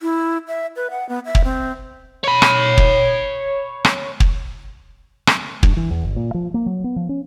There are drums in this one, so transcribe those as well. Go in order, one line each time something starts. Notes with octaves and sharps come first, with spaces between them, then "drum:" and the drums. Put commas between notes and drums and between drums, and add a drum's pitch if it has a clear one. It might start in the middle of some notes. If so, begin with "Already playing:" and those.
E4
E5
B4
F#5
B3
E5
drum: kick
C4
C#5 B5
drum: rim click
drum: kick
drum: rim click
drum: kick
drum: rim click
G2, drum: kick
E3
E2
G1
A#2
F3
A#3
F#3
B3
F3
C#4